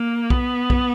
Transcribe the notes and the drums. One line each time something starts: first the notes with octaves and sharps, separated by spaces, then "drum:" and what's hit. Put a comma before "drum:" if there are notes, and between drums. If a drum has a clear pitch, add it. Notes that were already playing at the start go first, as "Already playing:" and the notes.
Already playing: A#3
B3, drum: kick B1
drum: kick B1